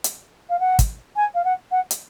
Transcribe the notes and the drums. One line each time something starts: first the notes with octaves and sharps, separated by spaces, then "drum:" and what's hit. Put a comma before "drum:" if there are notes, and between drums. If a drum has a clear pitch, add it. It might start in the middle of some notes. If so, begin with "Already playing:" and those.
drum: hi-hat
F5
F#5
drum: kick, hi-hat
G#5
F5
F#5
F#5
drum: hi-hat